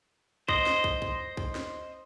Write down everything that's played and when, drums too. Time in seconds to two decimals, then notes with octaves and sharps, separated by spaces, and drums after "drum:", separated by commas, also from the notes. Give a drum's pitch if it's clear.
0.49 C5 D#5, drum: kick
0.66 drum: snare
0.84 drum: kick
1.02 drum: kick
1.37 drum: kick
1.55 drum: snare